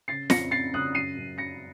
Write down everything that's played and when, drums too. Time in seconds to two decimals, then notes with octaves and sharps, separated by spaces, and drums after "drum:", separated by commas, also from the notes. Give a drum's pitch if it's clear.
0.08 C#3 A6 C7
0.30 F2 A#6 C#7, drum: snare
0.51 F2 A6 C7
0.73 C#3 D#6 F#6
0.94 F#2 C7 D#7
1.17 F#2
1.38 F#2 A#6 C#7